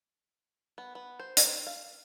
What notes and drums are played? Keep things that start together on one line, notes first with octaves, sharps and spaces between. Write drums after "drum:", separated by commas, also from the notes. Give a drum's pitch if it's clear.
B3
B3
C5
drum: hi-hat
F5